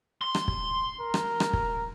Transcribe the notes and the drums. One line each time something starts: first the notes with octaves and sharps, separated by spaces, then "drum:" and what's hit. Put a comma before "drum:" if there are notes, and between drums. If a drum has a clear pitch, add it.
C6
drum: rim click
drum: kick
A#4
drum: rim click
drum: rim click
drum: kick